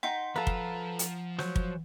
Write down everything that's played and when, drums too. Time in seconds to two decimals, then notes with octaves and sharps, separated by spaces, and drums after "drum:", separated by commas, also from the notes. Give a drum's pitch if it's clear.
0.03 D#4 F#5 G5 C6
0.36 F3 A4 B4 F5 A5 A#5
0.47 drum: kick
0.99 drum: hi-hat
1.39 F#3 C5, drum: snare
1.56 drum: kick